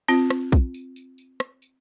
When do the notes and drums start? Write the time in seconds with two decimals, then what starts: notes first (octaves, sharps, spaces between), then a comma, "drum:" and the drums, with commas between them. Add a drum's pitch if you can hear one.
0.08 C4 F4, drum: tambourine
0.30 drum: rim click
0.52 drum: kick, tambourine
0.74 drum: tambourine
0.96 drum: tambourine
1.18 drum: tambourine
1.40 drum: rim click
1.62 drum: tambourine